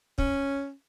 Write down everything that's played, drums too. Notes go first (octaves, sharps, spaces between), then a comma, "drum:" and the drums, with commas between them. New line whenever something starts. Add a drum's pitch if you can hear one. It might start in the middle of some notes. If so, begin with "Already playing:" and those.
C#4, drum: kick